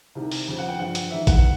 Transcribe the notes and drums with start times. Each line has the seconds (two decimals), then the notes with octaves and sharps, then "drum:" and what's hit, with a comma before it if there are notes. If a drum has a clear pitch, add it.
0.15 C2 C3 D#3
0.31 drum: open hi-hat
0.48 F2 C#3 F3
0.59 F#5
0.68 G5
0.79 G2 D3 F3 F#5
0.95 drum: hi-hat
1.11 G#2 E3 E5
1.27 F#5, drum: kick A#1, hi-hat